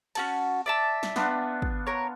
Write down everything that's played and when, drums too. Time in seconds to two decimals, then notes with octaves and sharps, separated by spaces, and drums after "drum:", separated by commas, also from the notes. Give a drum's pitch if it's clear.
0.15 C#4 F#4 A5, drum: cymbal
0.66 D5 E5 A5
1.03 drum: snare
1.16 B3 D4 F4, drum: snare
1.62 drum: kick
1.87 A#4 C#5